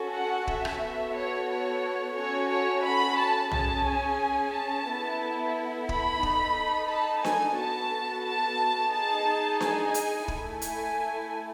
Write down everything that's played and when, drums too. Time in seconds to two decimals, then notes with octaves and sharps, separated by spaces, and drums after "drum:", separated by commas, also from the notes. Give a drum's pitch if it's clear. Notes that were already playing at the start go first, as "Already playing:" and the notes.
Already playing: C#4 F#4 A4
0.13 F#5
0.47 E5, drum: kick
0.65 drum: rim click
0.82 B3 F#4 A4
1.14 C#5
1.49 C#5
2.16 C#4 F#4 A4 C#5
2.51 C#5
2.84 B5
3.18 A5
3.51 C#4 G#4 A5, drum: tom
3.86 G#5
4.53 A5
4.87 B3 E4 A4
5.89 B5, drum: kick
6.23 D#4 A4, drum: kick
6.89 A5
7.25 G#5, drum: snare D4
7.57 B3 F#4 A4 A5
8.25 A5
8.93 D#4 G#4 A5
9.61 G#5, drum: snare D4
9.94 drum: hi-hat
10.28 A3 E4 A4, drum: kick
10.62 G#5, drum: hi-hat